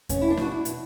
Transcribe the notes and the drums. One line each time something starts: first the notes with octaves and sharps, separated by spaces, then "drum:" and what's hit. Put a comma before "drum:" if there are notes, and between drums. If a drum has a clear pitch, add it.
B2 C#4, drum: kick E2, hi-hat
E4
D4
B2 F#4, drum: snare
E4
B2, drum: hi-hat